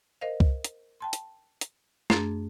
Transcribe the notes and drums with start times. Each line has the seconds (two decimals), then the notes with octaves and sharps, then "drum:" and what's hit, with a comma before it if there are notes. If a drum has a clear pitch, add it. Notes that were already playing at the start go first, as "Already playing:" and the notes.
0.21 A#4 C5 D#5 F5
0.40 drum: kick C2
0.64 drum: hi-hat
1.00 G5 A5 C6
1.13 drum: hi-hat
1.61 drum: hi-hat
2.10 F#2 A3 D4 G#4 C6 A6, drum: snare